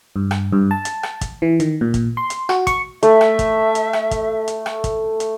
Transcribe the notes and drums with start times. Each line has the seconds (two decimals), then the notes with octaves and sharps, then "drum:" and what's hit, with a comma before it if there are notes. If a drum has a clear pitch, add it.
0.16 G2
0.31 drum: rim click
0.52 G2
0.71 A5
0.85 drum: hi-hat
1.03 drum: rim click
1.21 drum: kick, hi-hat
1.42 E3
1.60 D#3, drum: hi-hat
1.81 A#2
1.94 drum: kick, hi-hat
2.17 C6
2.30 drum: hi-hat
2.49 F#4, drum: rim click
2.67 C#6, drum: kick, hi-hat
3.03 A3 E5, drum: hi-hat
3.21 drum: rim click
3.39 drum: kick, hi-hat
3.75 drum: hi-hat
3.93 drum: rim click
4.11 drum: kick, hi-hat
4.48 drum: hi-hat
4.66 drum: rim click
4.84 drum: kick, hi-hat
5.20 drum: hi-hat